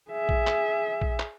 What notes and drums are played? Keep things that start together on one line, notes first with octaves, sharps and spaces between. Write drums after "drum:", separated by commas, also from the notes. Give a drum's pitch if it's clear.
G#4 E5
drum: kick A#1
drum: clap
drum: kick A#1
drum: clap